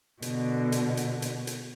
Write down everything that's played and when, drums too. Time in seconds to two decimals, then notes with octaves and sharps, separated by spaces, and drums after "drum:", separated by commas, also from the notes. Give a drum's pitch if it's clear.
0.22 B2 D3, drum: hi-hat
0.72 drum: hi-hat
0.97 drum: hi-hat
1.22 drum: hi-hat
1.47 drum: hi-hat